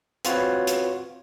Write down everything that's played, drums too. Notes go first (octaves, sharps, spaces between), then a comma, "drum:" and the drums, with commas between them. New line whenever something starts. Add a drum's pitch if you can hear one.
C4 F4 F#4 B4 C#5, drum: hi-hat
drum: hi-hat